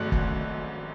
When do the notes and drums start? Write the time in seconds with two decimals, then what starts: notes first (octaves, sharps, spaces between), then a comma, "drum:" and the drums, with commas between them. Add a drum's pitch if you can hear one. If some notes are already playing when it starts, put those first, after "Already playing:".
Already playing: G#1 G#2 F#3 A3 F#6
0.12 drum: kick